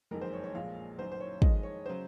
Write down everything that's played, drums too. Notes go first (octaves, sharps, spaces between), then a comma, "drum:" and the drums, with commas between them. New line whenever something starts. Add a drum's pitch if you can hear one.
F#1 F2 D#3 G#3 A#4
C5
C#5
C#5
A#1 A#2 G#3 F5
F#1 F#2 D#3 F#3 C5
C5
C#5
F2 D#3 G#3 D#5, drum: kick
C#5
C#3 F#3 C5